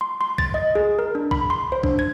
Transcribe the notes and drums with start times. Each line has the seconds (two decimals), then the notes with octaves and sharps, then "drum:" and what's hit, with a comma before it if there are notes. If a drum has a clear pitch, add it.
0.01 C6
0.21 C6
0.38 A6, drum: kick B1
0.54 D#5
0.75 G#4
0.99 A#4
1.15 D4
1.31 B5, drum: kick B1
1.50 C6
1.72 C5
1.83 D4, drum: kick B1
1.99 G#6